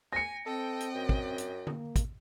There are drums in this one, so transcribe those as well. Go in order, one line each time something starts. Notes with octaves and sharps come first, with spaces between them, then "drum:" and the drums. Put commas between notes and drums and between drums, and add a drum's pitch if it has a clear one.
G#5 A#6 C#7
C4 A4 D#5 G5
drum: hi-hat
F#2
drum: kick
drum: hi-hat
A#3, drum: tom D3
drum: kick, hi-hat